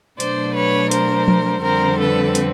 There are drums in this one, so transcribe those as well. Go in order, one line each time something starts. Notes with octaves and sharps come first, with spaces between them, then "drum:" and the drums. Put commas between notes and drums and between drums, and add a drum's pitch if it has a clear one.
B2 F#3 A3 D4 C5 D5, drum: hi-hat
B4 C#5
A#4 C5, drum: hi-hat
drum: tom F3
F2 D3 G3 C4 A#4 C5
A4 B4
drum: hi-hat